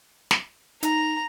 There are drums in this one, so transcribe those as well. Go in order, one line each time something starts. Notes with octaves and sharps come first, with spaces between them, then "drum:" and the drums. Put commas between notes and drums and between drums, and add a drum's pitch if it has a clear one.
drum: snare
D#4 A#5, drum: hi-hat